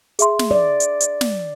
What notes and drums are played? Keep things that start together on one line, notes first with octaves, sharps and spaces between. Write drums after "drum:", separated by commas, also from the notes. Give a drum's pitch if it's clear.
G#4 E5 C6, drum: hi-hat
drum: snare
D5
drum: hi-hat
drum: hi-hat
drum: snare